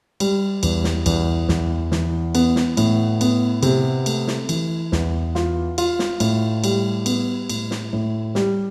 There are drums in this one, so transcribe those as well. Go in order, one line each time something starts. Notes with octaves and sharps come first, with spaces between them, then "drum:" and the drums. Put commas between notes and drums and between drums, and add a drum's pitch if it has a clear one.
G3, drum: cymbal
E2, drum: cymbal
drum: snare
E2, drum: cymbal
E2, drum: snare
E3, drum: snare
B3, drum: cymbal
drum: snare
A2, drum: cymbal
B3, drum: cymbal
C3, drum: cymbal
A3, drum: cymbal
drum: snare
E3, drum: cymbal
E2, drum: snare
F4, drum: snare
F4, drum: cymbal
drum: snare
A2, drum: cymbal
G3, drum: cymbal
B3, drum: cymbal
A2, drum: cymbal
drum: snare
A2
G3, drum: snare